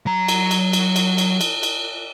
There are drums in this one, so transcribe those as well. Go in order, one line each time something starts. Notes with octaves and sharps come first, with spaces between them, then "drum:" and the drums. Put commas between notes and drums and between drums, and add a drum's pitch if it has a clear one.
F#3 A#5
drum: cymbal
drum: cymbal
drum: cymbal
drum: cymbal
drum: cymbal
drum: cymbal
drum: cymbal